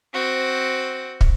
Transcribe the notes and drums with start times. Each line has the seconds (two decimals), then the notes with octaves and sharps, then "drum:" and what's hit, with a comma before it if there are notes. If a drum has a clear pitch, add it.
0.14 C4 F#4
1.21 drum: kick